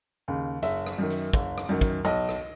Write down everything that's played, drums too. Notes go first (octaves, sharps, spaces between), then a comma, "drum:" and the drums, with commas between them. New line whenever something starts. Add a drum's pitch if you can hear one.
D#2 C#3
F#1 E5, drum: hi-hat
drum: rim click
F#2 D#3
drum: hi-hat
F#1, drum: kick, hi-hat
drum: rim click
F#2 D#3
drum: kick, hi-hat
B1 D#5, drum: hi-hat
drum: rim click